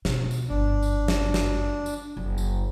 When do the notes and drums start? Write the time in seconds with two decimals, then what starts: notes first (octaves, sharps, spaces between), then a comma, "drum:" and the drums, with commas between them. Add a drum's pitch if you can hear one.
0.05 B2, drum: snare
0.31 drum: tambourine
0.49 G1 F#2 D4
0.82 drum: tambourine
1.08 drum: snare
1.34 drum: snare
1.86 drum: tambourine
2.17 F#1
2.38 drum: tambourine